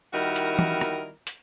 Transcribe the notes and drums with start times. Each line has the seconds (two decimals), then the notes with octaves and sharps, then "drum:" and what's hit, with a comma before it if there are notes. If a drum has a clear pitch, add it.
0.13 D#3 G3 E4 F#4 A#4 D#5
0.36 drum: hi-hat
0.59 drum: tom E3
0.81 drum: rim click
1.27 drum: hi-hat